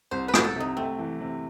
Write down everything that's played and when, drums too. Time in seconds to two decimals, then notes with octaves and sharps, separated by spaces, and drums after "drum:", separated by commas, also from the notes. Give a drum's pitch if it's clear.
0.11 C2 C5
0.28 B4
0.34 C2, drum: rim click
0.44 A4
0.55 C3 D#4
0.77 A3 C4
0.99 E3
1.21 C3